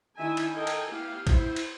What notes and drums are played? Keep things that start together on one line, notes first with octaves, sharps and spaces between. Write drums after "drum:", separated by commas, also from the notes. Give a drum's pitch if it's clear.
D#3 D4 E4 E5 G#5
drum: cymbal
A4 A#4 D#5 G5 G#5
drum: cymbal
B3 E4 G4 F5
E4 C5, drum: kick, cymbal
drum: cymbal